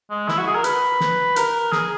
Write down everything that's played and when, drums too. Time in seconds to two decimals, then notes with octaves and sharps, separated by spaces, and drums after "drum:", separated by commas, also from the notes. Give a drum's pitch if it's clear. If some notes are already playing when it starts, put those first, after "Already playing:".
0.10 G#3
0.28 E4, drum: snare
0.38 F#4
0.47 G#4
0.55 A#4
0.64 B4, drum: hi-hat
1.00 drum: snare
1.36 A#4, drum: hi-hat
1.72 G#4, drum: snare